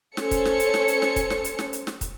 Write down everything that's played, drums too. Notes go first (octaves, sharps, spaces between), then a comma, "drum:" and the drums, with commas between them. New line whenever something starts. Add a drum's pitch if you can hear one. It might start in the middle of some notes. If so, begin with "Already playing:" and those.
C#4 A4 C5 C#5 C#7, drum: snare
drum: kick, hi-hat
drum: snare
drum: hi-hat
drum: snare
drum: hi-hat
drum: snare
drum: kick, hi-hat
drum: snare
drum: hi-hat
drum: snare
drum: hi-hat
drum: snare
drum: kick, hi-hat